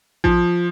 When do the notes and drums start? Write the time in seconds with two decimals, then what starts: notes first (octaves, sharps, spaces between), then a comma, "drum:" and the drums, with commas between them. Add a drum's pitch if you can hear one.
0.24 F3, drum: kick A1